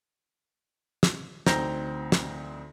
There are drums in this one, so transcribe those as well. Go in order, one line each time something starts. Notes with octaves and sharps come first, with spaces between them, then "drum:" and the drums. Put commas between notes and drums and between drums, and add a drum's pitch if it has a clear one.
drum: snare
D2 C4 D#4 A#5 G6 A#6, drum: snare
drum: snare